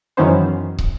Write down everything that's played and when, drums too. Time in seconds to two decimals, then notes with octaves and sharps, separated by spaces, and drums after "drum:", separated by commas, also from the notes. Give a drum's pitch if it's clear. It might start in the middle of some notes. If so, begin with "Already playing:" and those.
0.17 F#2 D#3 E3 B3 C#4 C5
0.78 drum: kick